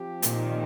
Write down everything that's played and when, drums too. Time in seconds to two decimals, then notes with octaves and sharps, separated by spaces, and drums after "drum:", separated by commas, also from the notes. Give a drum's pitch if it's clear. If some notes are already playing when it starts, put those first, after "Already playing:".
Already playing: F3 C4 G4
0.23 A#2 D#3, drum: hi-hat